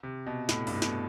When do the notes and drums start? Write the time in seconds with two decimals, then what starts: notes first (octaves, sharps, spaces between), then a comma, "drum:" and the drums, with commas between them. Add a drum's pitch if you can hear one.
0.03 C3
0.26 B2
0.49 A2, drum: snare
0.67 G2, drum: open hi-hat
0.75 A2
0.82 B2, drum: snare